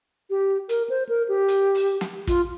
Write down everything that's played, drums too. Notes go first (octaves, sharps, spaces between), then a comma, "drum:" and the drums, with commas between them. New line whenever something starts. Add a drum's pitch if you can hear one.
G4
A#4, drum: hi-hat
C5
A#4
G4
drum: hi-hat
drum: open hi-hat
drum: snare
F4, drum: kick, hi-hat